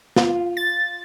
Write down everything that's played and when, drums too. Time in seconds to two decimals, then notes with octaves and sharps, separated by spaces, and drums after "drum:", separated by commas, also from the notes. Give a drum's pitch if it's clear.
0.16 F4, drum: snare
0.57 A6